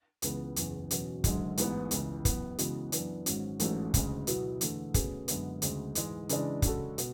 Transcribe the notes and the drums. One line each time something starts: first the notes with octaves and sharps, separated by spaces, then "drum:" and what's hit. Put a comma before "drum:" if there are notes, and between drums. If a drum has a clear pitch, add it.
C#2 C#3 E3 B3, drum: hi-hat
F#1 E2 C#3, drum: hi-hat
E2 B2 F#3 C#4, drum: hi-hat
F#1 F#2 D3 G#3, drum: kick, hi-hat
A1 G#2 E3 B3, drum: hi-hat
C#2 C#3 E3, drum: hi-hat
F#2 E3 B3, drum: kick, hi-hat
C#3 E3 G#3 B3 F#4, drum: hi-hat
F#2 E3 B3 D4, drum: hi-hat
G#1 G#2 F#3 C#4, drum: hi-hat
A1 G#2 F#3 A3 C#4, drum: hi-hat
D2 C#3 G#3, drum: kick, hi-hat
B2 F#3 B3 E4, drum: hi-hat
E2 D3 A3, drum: hi-hat
B2 A3 C#4 G#4 B4, drum: kick, hi-hat
F#1 F#2 D3 G#3 B3, drum: hi-hat
D2 C#3 G#3, drum: hi-hat
G#2 E3 G#3, drum: hi-hat
C#3 E3 G#3 D4, drum: hi-hat
C#3 G#3 C#4 F#4 A4, drum: kick, hi-hat
B2, drum: hi-hat